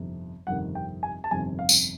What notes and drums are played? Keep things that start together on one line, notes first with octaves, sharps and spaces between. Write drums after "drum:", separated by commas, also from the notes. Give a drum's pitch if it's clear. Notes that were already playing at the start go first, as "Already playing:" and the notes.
Already playing: G1 F2 C3 D#3
G1 F2 C3 D#3 F#5
G5
G#5
A5
G1 F2 C3 D#3 G#5
F5
drum: tambourine